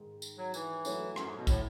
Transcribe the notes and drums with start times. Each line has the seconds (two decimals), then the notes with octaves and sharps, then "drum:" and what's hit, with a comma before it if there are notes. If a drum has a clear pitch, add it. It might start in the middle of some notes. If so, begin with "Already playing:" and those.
Already playing: G#2 D#3 G#3
0.22 drum: tambourine
0.38 F#3
0.54 E3, drum: tambourine
0.85 F#3 A3 E4 A4 C#5, drum: tambourine
1.16 F#2, drum: rim click
1.26 G#2
1.36 B2
1.47 A2, drum: kick, tambourine